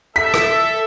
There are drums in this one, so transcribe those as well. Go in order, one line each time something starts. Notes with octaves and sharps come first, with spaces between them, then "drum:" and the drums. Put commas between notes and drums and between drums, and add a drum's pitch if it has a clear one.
A4 E5 B6
drum: rim click